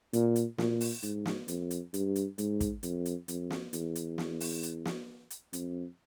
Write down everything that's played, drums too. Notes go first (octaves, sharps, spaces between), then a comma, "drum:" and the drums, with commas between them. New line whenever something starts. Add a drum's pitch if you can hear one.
A#2, drum: hi-hat
drum: hi-hat
A#2, drum: snare
drum: open hi-hat
G#2, drum: hi-hat
drum: snare
F2, drum: hi-hat
drum: hi-hat
G2, drum: hi-hat
drum: hi-hat
G#2, drum: hi-hat
drum: kick, hi-hat
F2, drum: hi-hat
drum: hi-hat
F2, drum: hi-hat
drum: snare
E2, drum: hi-hat
drum: hi-hat
drum: snare
drum: open hi-hat
drum: hi-hat
drum: snare
drum: hi-hat
F2, drum: hi-hat